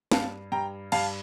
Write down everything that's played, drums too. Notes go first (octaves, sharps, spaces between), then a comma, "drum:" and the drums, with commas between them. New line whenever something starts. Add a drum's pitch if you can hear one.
G2 F5 A5, drum: snare
G2 G5 A#5
G2 F5 A5, drum: cymbal